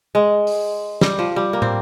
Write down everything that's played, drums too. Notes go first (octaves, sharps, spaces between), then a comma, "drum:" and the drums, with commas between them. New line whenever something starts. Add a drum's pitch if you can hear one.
G#3
drum: open hi-hat
G3, drum: snare
F3
G3
A#3
C4, drum: tom